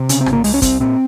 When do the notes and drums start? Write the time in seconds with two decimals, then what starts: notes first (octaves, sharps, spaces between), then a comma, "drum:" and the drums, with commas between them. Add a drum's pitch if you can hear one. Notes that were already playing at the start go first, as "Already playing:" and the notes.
Already playing: C3
0.09 C#3 C#4, drum: hi-hat
0.21 C4
0.26 G#1, drum: rim click
0.33 A#3
0.44 C2 G#3, drum: open hi-hat
0.54 C#4
0.62 C2 C4, drum: kick, hi-hat
0.80 A#2 C4